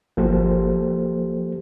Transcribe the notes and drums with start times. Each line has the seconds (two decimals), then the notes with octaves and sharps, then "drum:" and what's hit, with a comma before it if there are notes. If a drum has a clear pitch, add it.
0.17 F3 F#3 A#3 G4 A4 C5, drum: kick G1